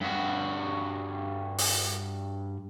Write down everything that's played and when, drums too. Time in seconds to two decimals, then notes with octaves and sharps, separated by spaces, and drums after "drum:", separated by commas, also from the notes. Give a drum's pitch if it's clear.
0.01 G2 F#4
1.58 drum: open hi-hat